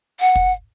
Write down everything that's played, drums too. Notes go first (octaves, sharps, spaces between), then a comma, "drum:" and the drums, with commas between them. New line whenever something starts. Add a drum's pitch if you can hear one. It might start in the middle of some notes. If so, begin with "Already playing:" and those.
F#5
drum: kick